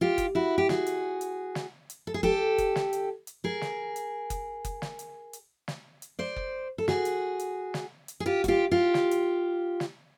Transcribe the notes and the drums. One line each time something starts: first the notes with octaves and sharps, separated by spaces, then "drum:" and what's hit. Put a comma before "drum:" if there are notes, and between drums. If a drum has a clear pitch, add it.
F4 G4
drum: kick F#1, hi-hat
E4 F#4
G4
F#4 G#4, drum: snare
drum: hi-hat
drum: hi-hat
drum: snare
drum: hi-hat
A4
G#4
G4 A4, drum: kick F#1
drum: kick F#1, hi-hat
drum: snare
drum: hi-hat
drum: hi-hat
G#4 A#4
drum: snare
drum: hi-hat
drum: kick F#1, hi-hat
drum: kick F#1, hi-hat
drum: snare
drum: hi-hat
drum: hi-hat
drum: snare
drum: hi-hat
C5 D5
drum: kick F#1
A4
F#4 G#4, drum: snare
drum: hi-hat
drum: hi-hat
drum: snare
drum: hi-hat
G#4
F4 G4
F#4, drum: kick F#1, hi-hat
F4 G4
F4 G4
drum: snare
drum: hi-hat
drum: snare